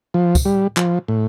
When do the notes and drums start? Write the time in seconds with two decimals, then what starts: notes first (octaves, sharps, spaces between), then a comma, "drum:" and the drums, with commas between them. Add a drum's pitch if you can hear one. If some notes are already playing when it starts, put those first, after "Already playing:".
0.14 F3
0.35 drum: kick, tambourine
0.45 G3
0.77 F3, drum: clap
1.08 A2